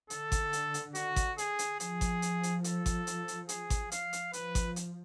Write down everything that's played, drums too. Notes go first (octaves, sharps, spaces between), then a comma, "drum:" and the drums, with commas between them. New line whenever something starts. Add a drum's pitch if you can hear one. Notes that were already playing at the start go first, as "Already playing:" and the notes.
D3 A4, drum: hi-hat
drum: kick G#1, hi-hat
drum: hi-hat
drum: hi-hat
F#4, drum: hi-hat
drum: kick G#1, hi-hat
G#4, drum: hi-hat
drum: hi-hat
F3 G#4, drum: hi-hat
drum: kick G#1, hi-hat
drum: hi-hat
drum: hi-hat
A4, drum: hi-hat
drum: kick G#1, hi-hat
drum: hi-hat
drum: hi-hat
G#4, drum: hi-hat
drum: kick G#1, hi-hat
F5, drum: hi-hat
drum: hi-hat
F3 B4, drum: hi-hat
drum: kick G#1, hi-hat
drum: hi-hat